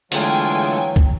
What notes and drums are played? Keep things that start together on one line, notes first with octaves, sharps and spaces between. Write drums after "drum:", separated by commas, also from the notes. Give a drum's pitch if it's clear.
E2 D3 F#3 G#3 A3 F4 G5 G#5, drum: open hi-hat
drum: kick